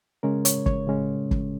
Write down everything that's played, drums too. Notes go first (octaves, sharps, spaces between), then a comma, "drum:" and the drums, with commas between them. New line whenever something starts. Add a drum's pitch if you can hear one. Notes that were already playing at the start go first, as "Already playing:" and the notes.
C#3 G#3 C#4 A#4
C#5, drum: hi-hat
C#5, drum: kick
C#3 G#3 C#4
drum: kick